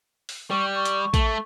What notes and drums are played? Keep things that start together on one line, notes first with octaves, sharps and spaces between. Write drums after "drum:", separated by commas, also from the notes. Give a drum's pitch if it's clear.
drum: open hi-hat
G3 C#6
C#6
drum: hi-hat
A3, drum: kick, hi-hat